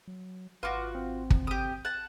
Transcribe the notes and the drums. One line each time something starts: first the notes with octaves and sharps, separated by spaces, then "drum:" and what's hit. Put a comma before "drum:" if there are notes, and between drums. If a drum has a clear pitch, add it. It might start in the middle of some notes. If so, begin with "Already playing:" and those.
F#3
G#1 F4 F#4 B4 D6 A#6
C4
drum: kick
G4 D#6
F#5 A5